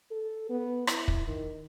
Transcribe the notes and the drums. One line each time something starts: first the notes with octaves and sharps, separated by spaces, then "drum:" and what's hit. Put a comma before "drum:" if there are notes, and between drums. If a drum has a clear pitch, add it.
A4
B3
E4, drum: rim click
drum: kick
D#3